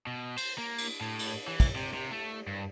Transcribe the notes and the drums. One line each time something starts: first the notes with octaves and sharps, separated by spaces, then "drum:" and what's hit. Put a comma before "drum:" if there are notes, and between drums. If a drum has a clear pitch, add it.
B2
C5, drum: cymbal
A#3
drum: cymbal
A2
drum: cymbal
E3
drum: kick, cymbal
C3
C3
A3
G2